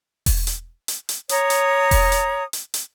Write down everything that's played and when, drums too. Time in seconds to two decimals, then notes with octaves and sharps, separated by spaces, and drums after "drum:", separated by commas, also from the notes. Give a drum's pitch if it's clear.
0.26 drum: kick E1, open hi-hat
0.47 drum: hi-hat
0.88 drum: hi-hat
1.09 drum: hi-hat
1.29 C#5 A#5 D#6, drum: hi-hat
1.50 drum: hi-hat
1.91 drum: kick E1, open hi-hat
2.12 drum: hi-hat
2.53 drum: hi-hat
2.74 drum: hi-hat